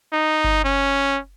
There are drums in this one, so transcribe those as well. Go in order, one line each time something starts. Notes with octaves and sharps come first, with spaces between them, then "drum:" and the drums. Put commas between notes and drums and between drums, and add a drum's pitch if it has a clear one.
D#4
drum: kick G1
C#4